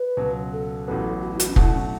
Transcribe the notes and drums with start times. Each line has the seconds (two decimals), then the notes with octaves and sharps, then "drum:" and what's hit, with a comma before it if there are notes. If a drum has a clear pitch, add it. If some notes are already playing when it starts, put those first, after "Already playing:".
Already playing: B4
0.17 C#2 B2 F#3
0.53 A4
0.88 A1 A2 F#3 B3
1.22 F#4
1.31 E4
1.40 F#4, drum: hi-hat
1.48 C#4
1.56 B2 F#3 A3 E4 F#4, drum: kick
1.74 C#4